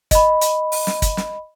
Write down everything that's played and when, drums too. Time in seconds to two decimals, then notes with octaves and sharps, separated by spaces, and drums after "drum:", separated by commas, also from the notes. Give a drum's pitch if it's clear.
0.11 D#5 B5, drum: kick, hi-hat
0.41 drum: hi-hat
0.72 drum: open hi-hat
0.87 drum: snare
1.02 drum: kick, hi-hat
1.17 drum: snare